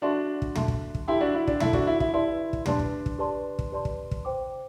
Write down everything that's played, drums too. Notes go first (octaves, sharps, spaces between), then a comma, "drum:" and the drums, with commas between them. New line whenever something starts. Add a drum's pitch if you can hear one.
D4 F#4 A4 E5 A5 C6
drum: kick
A4 E5 A5 C6, drum: tom
drum: kick
drum: kick
E4 G4 A4 E5 A5 C6
D4 F#4
E4
D4, drum: kick
E4 A4 E5 A5 C6, drum: tom
D4 F#4, drum: kick
E4
E4, drum: kick
E4 G4 B4 D5 A5 C6
drum: kick
D4 G4 B4 D5 A5 C6, drum: tom
drum: kick
drum: kick
G4 B4 D5 A5 C6
drum: kick
G4 B4 D5 A5 C6
drum: kick
drum: kick
C5 G5 D6